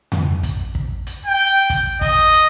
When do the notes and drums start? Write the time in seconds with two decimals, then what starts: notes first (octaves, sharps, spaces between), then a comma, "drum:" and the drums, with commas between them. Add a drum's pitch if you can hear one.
0.12 drum: tom F2
0.43 drum: kick, hi-hat
0.75 drum: kick
1.07 drum: hi-hat
1.26 G5
1.70 drum: kick, hi-hat
2.01 D#5, drum: kick, open hi-hat
2.33 drum: hi-hat